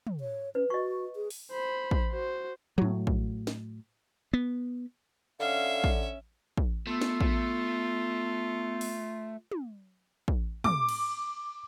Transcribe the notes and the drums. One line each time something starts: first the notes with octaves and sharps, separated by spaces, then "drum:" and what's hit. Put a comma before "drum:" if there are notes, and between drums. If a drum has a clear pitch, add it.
drum: tom
C#5
C#4 B4
F#4 D#5 C#6
G#4
drum: open hi-hat
C5 B5
drum: kick
F#4 C5
A2 F#3, drum: tom
drum: kick
drum: snare
B3
D3 C#4 E5 F5
drum: kick
drum: kick
A3 B3 F4 E6
drum: snare
drum: kick
drum: open hi-hat
drum: tom
drum: kick
D6, drum: tom
drum: cymbal